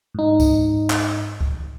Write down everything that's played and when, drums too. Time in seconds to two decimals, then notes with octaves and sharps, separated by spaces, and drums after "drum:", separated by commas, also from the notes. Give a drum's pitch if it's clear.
0.14 G#2 D#4
0.40 drum: kick C#2, tambourine
0.90 drum: clap
1.41 drum: kick C#2